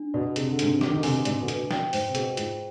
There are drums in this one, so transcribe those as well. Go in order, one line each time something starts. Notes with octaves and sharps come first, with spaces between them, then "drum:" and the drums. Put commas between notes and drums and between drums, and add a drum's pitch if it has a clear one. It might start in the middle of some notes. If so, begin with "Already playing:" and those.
Already playing: D4
B2 D5
C3 G#4, drum: hi-hat
D3
G#2 C3 D4, drum: hi-hat
C3
B2 D6, drum: snare
D#3
D3
C3 G#5, drum: open hi-hat
B2
G#2 C3 D5, drum: hi-hat
B2 D3
B4, drum: hi-hat
B2
B2 G5, drum: snare
G#2 C5, drum: open hi-hat
C3
B2 G#4, drum: hi-hat
G#2 F4, drum: hi-hat